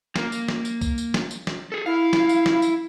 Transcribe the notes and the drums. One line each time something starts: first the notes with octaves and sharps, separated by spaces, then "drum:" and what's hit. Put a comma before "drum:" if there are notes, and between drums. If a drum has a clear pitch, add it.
A#3, drum: snare
drum: tambourine
drum: snare
drum: tambourine
drum: kick, tambourine
drum: tambourine
drum: snare
drum: tambourine
drum: snare
G#4 A4
E4 F5
drum: snare
drum: tambourine
drum: snare
drum: tambourine